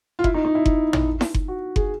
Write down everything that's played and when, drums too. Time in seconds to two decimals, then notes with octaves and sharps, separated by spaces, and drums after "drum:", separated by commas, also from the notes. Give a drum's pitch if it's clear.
0.19 F4
0.24 E4, drum: kick F#1
0.34 D#4
0.45 D#4
0.55 E4
0.66 drum: kick F#1
0.93 drum: tom
1.21 drum: snare E4
1.34 drum: kick F#1
1.48 F#4
1.76 G#4, drum: kick F#1